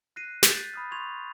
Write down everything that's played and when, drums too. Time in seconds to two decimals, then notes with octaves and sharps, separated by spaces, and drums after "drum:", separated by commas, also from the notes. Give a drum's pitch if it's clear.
0.16 F#6 A#6 C7 D#7
0.43 G6 A6 B6 C7, drum: snare
0.74 B5 D#6 F6
0.91 C6 C#6 G#6 F7